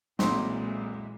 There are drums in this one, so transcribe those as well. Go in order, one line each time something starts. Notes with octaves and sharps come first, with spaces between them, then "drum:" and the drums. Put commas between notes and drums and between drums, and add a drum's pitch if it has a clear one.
B1 A#2 E3 G#3 C4 C6, drum: snare